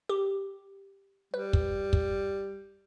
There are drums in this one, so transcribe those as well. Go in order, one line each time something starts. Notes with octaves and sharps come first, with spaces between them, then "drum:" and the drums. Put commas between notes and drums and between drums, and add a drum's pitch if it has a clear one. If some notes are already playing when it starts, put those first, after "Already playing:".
G4
G3 B4
drum: kick
drum: kick